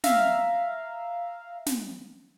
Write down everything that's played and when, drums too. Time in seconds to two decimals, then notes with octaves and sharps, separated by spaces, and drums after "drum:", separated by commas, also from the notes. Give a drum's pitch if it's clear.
0.04 E5 F5 A#5, drum: snare
1.66 drum: snare